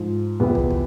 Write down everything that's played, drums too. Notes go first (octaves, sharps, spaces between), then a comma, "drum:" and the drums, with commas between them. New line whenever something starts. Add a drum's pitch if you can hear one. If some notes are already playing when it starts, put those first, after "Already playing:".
Already playing: G#2 F3
E2 C3 F3 B3
drum: kick
drum: kick